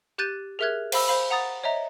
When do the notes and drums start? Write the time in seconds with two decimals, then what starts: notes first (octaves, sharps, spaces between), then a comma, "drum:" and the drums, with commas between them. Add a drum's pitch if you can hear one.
0.18 G4 F#6 G6 A6 D#7
0.59 G#4 A#4 E5 F6 F#6 G#6
0.92 C5 F5 B5 E6, drum: cymbal
1.08 C5 F5 B5
1.30 F#5 A#5 D#6 A6
1.64 C#5 D#5 E5 A#5